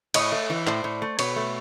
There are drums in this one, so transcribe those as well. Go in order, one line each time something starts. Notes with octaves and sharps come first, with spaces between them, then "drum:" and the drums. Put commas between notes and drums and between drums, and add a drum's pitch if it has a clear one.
A2 C#5 D#5, drum: cymbal
A3
E3
A2 C5 D5, drum: clap
A2
A3
B2 B4 C#5, drum: cymbal
A3